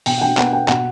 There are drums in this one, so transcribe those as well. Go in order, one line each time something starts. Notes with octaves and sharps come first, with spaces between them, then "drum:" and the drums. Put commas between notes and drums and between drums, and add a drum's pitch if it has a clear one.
B2 G5, drum: open hi-hat
F#5
G5
B3 F#5, drum: clap
G5
B2 F#5, drum: clap